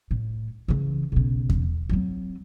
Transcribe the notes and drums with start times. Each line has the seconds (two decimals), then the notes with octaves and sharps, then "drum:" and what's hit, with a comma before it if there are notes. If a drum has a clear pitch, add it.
0.11 A2
0.68 C#3 E3
1.12 B1 C#3
1.49 drum: kick E2
1.89 F#3 C4